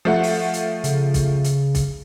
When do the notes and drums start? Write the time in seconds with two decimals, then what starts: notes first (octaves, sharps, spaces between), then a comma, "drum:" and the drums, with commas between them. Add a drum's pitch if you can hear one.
0.05 F3 A3 F#5
0.23 drum: open hi-hat
0.54 drum: hi-hat
0.84 C#3, drum: hi-hat
1.14 drum: kick B1, hi-hat
1.44 drum: hi-hat
1.75 drum: kick B1, hi-hat